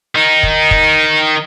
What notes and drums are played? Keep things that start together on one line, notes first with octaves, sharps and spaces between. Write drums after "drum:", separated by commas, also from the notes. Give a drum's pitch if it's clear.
D#3 D#4
drum: kick
drum: kick